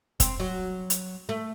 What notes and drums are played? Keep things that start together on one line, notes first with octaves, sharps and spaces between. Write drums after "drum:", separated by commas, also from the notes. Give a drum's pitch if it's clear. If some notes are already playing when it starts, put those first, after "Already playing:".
C4, drum: kick, hi-hat
F#3
drum: hi-hat
A3